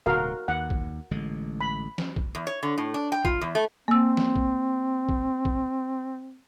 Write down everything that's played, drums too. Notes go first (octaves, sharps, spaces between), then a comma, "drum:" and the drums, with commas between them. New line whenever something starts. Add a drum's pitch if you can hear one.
D1 B2 D3 F#4 A#4 F5
D#2 F#5
drum: kick
A1 D3 G#3
B5
drum: snare
drum: kick
E2
C#5
D3
A2
D4
G5
F4, drum: kick
E2
A3
A#3 C4 E6
drum: snare
drum: kick
drum: kick
drum: kick